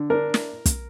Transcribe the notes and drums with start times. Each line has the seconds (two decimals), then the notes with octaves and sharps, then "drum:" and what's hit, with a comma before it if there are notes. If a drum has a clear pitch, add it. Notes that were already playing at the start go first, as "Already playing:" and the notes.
Already playing: D3
0.10 D4 A#4
0.34 drum: snare
0.66 drum: kick, hi-hat